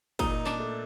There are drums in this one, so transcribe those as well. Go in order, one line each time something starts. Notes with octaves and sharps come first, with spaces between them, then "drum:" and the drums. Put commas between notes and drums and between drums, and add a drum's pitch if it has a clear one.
A#2 D#4, drum: kick, cymbal
D4, drum: clap
A3